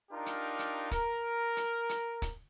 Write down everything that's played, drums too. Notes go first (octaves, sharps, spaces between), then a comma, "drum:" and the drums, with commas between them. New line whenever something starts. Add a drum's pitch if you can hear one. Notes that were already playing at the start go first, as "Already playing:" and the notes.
D4 D#4 F4 G4 A#4
drum: hi-hat
drum: hi-hat
A#4, drum: kick, hi-hat
drum: hi-hat
drum: hi-hat
drum: kick, hi-hat